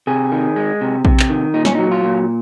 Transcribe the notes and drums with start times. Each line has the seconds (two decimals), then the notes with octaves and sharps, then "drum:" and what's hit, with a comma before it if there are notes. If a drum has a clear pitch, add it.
0.07 C3 G#4
0.32 D#3
0.56 G#3
0.81 C3
1.05 C3, drum: kick A#1
1.20 drum: clap
1.30 D#3
1.54 A#2 D#4
1.65 C#4, drum: snare
1.75 F#3 D#4
1.92 F4
2.03 A#2